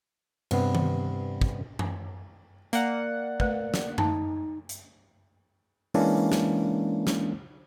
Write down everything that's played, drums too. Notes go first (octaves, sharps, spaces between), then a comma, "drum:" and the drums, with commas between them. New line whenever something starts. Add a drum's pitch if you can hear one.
G2 C3 B3, drum: cymbal
drum: tom D#3
drum: kick
drum: tom F#2
A#3 D5 F#5, drum: hi-hat
A3 B4, drum: kick
drum: snare
D#4 A5, drum: tom F#2
drum: hi-hat
E3 G#3 A#3 C#4 D4 E4, drum: open hi-hat
drum: snare
drum: snare